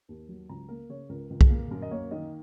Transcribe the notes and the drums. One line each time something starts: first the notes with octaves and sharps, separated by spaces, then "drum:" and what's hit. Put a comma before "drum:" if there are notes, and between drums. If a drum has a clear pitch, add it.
D#2
F#3
C#2 A#5
A#3 A#4
C#3 C#5
C#2 A#4
C#2
G#4, drum: kick B1
A#3
F#2 A#4
D#5
A#3 C#5
D#3 D#5